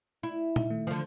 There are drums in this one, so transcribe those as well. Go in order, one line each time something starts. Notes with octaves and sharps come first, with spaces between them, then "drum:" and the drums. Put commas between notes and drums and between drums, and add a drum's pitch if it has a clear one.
E4
D#4, drum: tom A#2
D#3 A3
D3 F3